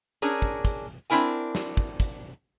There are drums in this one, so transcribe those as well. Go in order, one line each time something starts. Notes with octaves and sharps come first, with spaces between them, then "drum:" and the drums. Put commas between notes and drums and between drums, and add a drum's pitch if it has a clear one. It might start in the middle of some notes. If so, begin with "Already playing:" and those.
C#4 D4 G#4 A#4
drum: kick
drum: kick, hi-hat
C4 D4 E4 A#4 G#5, drum: hi-hat
drum: snare
drum: kick
drum: kick, hi-hat